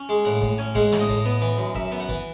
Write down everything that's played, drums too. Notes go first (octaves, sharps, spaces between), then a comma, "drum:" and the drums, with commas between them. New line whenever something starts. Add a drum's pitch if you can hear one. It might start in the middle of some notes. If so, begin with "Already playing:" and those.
Already playing: C#4
G#3
A2 F#5
A2, drum: kick
C#4 G#5
G#3 F#5, drum: kick
A2, drum: snare
D#5
A2, drum: kick
B3
E3
F#2
F#2 E5, drum: kick
B3
F#5
E3, drum: kick